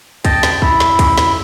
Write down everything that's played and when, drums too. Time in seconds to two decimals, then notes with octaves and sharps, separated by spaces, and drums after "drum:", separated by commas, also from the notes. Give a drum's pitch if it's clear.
0.25 D#5 G5 A5, drum: kick, hi-hat
0.43 drum: snare
0.62 E4, drum: kick
0.80 drum: snare
0.99 drum: kick, hi-hat
1.18 drum: snare